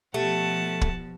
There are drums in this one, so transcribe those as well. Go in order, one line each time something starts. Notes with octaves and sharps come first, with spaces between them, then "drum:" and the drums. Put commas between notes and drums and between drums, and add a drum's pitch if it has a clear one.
B2 F3 A3 G4 F#5 A5
drum: kick